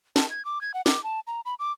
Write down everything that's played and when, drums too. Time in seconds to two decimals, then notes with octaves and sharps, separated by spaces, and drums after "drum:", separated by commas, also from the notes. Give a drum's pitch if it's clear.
0.16 A5, drum: snare
0.31 G#6
0.45 D6
0.61 G#6
0.74 F#5
0.86 D6, drum: snare
1.04 A5
1.27 A#5
1.45 B5
1.59 D6